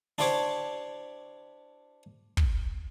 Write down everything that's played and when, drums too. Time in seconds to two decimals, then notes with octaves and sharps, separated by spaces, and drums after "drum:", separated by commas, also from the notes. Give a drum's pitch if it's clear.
0.18 D4 E4 G4 C5 C#5 D6
2.37 drum: kick